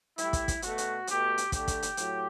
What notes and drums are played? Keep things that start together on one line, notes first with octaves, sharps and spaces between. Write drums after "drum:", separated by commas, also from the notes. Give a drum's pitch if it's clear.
A2 G3 E4, drum: hi-hat
drum: kick, hi-hat
drum: kick, hi-hat
B2 A3 F#4, drum: hi-hat
drum: hi-hat
B2 A3 G4, drum: hi-hat
drum: hi-hat
D3 A3 G4, drum: kick, hi-hat
drum: kick, hi-hat
drum: hi-hat
A2 F#3, drum: hi-hat